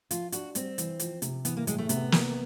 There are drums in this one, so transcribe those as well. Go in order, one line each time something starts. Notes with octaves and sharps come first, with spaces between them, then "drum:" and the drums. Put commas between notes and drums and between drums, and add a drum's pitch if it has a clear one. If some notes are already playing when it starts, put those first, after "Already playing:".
F3 F4, drum: hi-hat
D4 F#4, drum: hi-hat
G3 C4, drum: hi-hat
E3, drum: hi-hat
F3, drum: hi-hat
C3, drum: hi-hat
E3 B3, drum: hi-hat
A#3
A2 G#3, drum: hi-hat
A3
C3 B3, drum: hi-hat
A#3, drum: snare